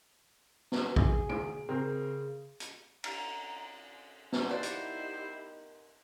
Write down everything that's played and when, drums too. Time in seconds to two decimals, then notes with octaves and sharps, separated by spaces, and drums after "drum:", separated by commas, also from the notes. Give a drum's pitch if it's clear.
0.72 drum: snare
0.96 G#4, drum: kick
1.29 D7, drum: tom C#3
1.69 C#3 C4 G#4 A#4
2.60 drum: hi-hat
3.04 A#5, drum: cymbal
4.32 drum: snare
4.49 A#3 B3 D#4 E4 G4 C5 D5
4.63 drum: hi-hat